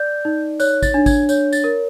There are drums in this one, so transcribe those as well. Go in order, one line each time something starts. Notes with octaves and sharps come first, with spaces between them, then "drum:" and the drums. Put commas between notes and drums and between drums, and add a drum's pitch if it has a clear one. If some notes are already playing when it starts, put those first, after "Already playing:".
Already playing: D5 G6
D#4
C#5 F#6, drum: tambourine
A6, drum: kick, tambourine
D4
G#6, drum: kick, tambourine
C#5 G6, drum: tambourine
A6, drum: tambourine
A#4